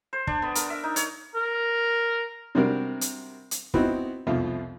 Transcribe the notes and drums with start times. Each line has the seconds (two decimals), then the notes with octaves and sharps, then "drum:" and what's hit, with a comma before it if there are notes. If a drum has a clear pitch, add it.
0.13 C5
0.27 D4, drum: kick
0.42 B3
0.55 A#4, drum: hi-hat
0.70 E5
0.83 D#4
0.96 C#5, drum: hi-hat
1.35 A#4
2.55 C3 G3 C4 D4 F#4 A#4
3.01 drum: hi-hat
3.51 drum: hi-hat
3.74 B3 C4 D#4 E4 F#4, drum: kick
4.27 C2 F2 B2 F3 F4 E5